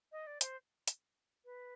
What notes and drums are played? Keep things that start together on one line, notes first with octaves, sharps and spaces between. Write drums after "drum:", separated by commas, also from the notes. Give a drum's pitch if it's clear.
D#5
D5
C5, drum: hi-hat
drum: hi-hat
B4